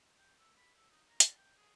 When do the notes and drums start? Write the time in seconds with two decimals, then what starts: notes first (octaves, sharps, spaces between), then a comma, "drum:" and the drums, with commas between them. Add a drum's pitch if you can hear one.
0.18 G5
0.39 A4
0.57 B5
0.77 A4
0.89 D#4
1.09 A#5
1.20 D5, drum: hi-hat
1.37 G5
1.57 G#4